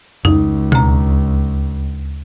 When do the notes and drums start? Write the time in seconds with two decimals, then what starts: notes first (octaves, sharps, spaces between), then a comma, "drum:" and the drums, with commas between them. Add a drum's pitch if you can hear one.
0.25 C#2 D#4, drum: tom F2
0.72 D2 A#5, drum: tom B2